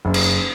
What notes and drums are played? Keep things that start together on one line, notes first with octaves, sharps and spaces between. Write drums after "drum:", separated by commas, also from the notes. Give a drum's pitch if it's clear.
F#1
drum: cymbal